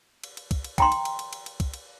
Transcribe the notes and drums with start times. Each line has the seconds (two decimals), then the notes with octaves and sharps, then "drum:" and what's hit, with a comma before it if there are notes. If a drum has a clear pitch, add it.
0.24 drum: cymbal
0.37 drum: cymbal
0.51 drum: kick, cymbal
0.64 drum: cymbal
0.78 G5 A#5 C6, drum: kick, cymbal
0.92 drum: cymbal
1.05 drum: cymbal
1.19 drum: cymbal
1.33 drum: cymbal
1.46 drum: cymbal
1.60 drum: kick, cymbal
1.74 drum: cymbal